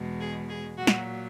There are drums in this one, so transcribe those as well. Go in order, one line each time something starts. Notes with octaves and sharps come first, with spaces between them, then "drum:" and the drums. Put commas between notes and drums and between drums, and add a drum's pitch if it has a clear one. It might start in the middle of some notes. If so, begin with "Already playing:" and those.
Already playing: E2 B2 G#3
G#4
G#4
A#2 F#3 F#4
drum: snare